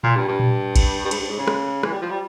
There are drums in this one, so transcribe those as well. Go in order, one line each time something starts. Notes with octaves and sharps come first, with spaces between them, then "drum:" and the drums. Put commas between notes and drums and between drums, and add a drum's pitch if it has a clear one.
A#2, drum: tom A#2
G2
G2
drum: tom A#2
drum: kick A1, cymbal
G2
G#2, drum: cymbal
G2
G#2
C#3
drum: rim click
E3, drum: rim click
G3
F3
G3